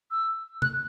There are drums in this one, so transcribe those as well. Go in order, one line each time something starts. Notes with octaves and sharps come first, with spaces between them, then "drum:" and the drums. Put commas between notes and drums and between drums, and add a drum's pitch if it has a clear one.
E6
F#6, drum: tom C3